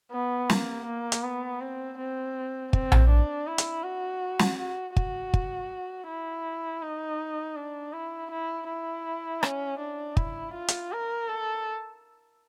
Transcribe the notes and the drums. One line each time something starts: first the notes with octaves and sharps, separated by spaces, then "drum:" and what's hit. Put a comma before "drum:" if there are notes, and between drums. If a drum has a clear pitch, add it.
B3
A#3, drum: snare
A#3
drum: hi-hat
B3
C4
C4
C4, drum: kick
drum: tom A#1
D4
E4
drum: hi-hat
F#4
drum: snare
F#4
F#4, drum: kick
drum: kick
E4
D#4
D4
E4
E4
E4
C#4, drum: rim click
D4
E4, drum: kick
F4
drum: hi-hat
A#4
A4